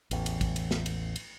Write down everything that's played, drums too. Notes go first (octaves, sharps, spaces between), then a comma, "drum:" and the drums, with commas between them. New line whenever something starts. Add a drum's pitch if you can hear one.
A1 E2, drum: cymbal
drum: cymbal
drum: kick, cymbal
drum: cymbal
drum: snare
drum: cymbal
drum: cymbal